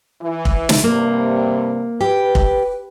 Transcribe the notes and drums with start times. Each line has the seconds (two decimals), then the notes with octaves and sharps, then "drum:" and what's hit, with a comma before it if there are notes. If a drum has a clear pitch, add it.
0.22 E3 E4
0.45 drum: kick
0.69 drum: snare
0.84 G2 C3 A#3
2.01 G4 B4
2.35 drum: kick